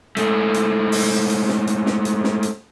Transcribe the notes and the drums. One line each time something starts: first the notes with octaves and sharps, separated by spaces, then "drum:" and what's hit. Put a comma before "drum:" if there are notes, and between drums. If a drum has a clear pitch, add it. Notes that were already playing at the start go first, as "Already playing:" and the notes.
G#2 A3, drum: hi-hat
drum: hi-hat
drum: open hi-hat
drum: hi-hat
drum: snare
drum: hi-hat
drum: snare
drum: hi-hat
drum: snare
drum: hi-hat